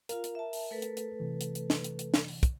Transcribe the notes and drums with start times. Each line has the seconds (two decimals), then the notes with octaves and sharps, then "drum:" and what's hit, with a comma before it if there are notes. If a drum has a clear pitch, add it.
0.09 F4 A#4 F5, drum: hi-hat
0.24 drum: hi-hat
0.35 E5 A5
0.53 drum: open hi-hat
0.71 A3 A4 B4
0.82 drum: hi-hat
0.97 drum: hi-hat
1.20 C3 E3
1.41 drum: hi-hat
1.55 drum: hi-hat
1.70 drum: snare
1.84 drum: hi-hat
1.99 drum: hi-hat
2.14 drum: snare
2.28 drum: open hi-hat
2.43 drum: kick, hi-hat